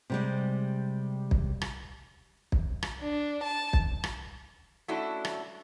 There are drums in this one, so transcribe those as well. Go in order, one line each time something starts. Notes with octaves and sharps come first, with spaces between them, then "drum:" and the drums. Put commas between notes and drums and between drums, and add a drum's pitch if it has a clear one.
C3 G3 G#3
drum: kick
drum: rim click
drum: kick
drum: rim click
D4
A5
drum: kick
drum: rim click
A3 C#4 D4 E4 F#4 A4
drum: rim click